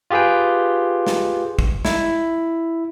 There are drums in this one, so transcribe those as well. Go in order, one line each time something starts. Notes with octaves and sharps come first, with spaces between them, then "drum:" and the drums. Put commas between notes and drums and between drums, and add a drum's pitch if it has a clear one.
F4 G4 G#4 B4 G5
drum: snare
drum: kick
E4, drum: snare